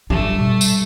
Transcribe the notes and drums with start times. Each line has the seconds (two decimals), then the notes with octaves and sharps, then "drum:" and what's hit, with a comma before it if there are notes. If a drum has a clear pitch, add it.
0.10 G1 G3 A3 D4
0.41 B2
0.61 drum: tambourine